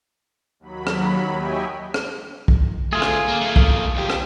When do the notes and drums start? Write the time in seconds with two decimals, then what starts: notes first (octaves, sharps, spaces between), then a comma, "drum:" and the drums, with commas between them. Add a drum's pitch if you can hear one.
0.60 D#2 F#3 B5
0.87 drum: rim click
1.35 G4 C#5 D#5 E5 G5 G#5
1.94 drum: rim click
2.48 drum: kick B1
2.93 D3 A3 F4 G#4
3.02 drum: rim click
3.29 A#3
3.42 A3 A#3
3.56 drum: kick B1
3.96 D2 G4
4.10 drum: rim click